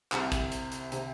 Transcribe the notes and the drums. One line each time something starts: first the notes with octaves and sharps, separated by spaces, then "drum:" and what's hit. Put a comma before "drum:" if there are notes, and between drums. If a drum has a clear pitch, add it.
C2 C3, drum: clap
drum: kick, hi-hat
drum: hi-hat
drum: hi-hat
C3, drum: hi-hat